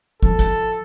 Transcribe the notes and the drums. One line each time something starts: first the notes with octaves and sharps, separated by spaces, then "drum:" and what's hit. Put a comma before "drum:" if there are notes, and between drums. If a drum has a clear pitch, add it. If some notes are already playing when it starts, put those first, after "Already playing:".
F3 A4, drum: kick
drum: kick, hi-hat